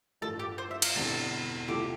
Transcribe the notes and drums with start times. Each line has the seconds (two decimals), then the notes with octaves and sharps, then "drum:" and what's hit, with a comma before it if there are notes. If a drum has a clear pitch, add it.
0.21 A1 G2 F3 A3 A4
0.39 G4
0.58 C5
0.71 E5
0.82 F5, drum: cymbal
0.95 E1 E2 D3 G3 C4 A4
1.68 C3 F3 A3 E4 G4 A4